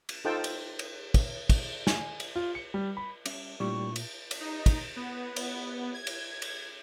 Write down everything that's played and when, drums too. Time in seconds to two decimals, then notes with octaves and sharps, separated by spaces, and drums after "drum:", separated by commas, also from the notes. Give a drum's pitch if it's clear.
0.09 drum: cymbal
0.25 D#4 F4 A4 C5 G5 A5
0.44 drum: cymbal
0.79 drum: cymbal
1.14 drum: kick, cymbal
1.49 drum: kick, cymbal
1.87 G#5, drum: snare
2.20 drum: cymbal
2.36 F4
2.55 C#7
2.74 G3
2.97 B5
3.26 G3 C#4 E5, drum: cymbal
3.60 A#2 G3 A3 D4 E4 C#6
3.96 drum: cymbal
4.31 drum: cymbal
4.40 D#4
4.66 drum: kick, cymbal
4.96 B3
5.36 drum: cymbal
5.94 G#6
6.07 drum: cymbal
6.42 drum: cymbal